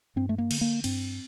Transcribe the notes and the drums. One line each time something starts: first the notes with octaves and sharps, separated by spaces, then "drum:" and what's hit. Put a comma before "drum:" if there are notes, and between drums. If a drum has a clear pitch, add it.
G2 C4
A3
A#3
D3, drum: cymbal
A#3
G2 C4, drum: cymbal